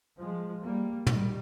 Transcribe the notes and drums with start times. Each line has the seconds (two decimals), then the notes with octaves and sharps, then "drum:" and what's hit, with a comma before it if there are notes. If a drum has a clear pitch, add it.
0.19 F3 G#3
0.63 G3 A#3
1.07 D#3 G3, drum: tom